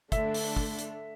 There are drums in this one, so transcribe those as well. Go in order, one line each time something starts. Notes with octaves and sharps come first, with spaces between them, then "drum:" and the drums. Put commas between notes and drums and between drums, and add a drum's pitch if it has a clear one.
D3 A3 D4 E5, drum: kick, hi-hat
drum: open hi-hat
drum: kick
drum: hi-hat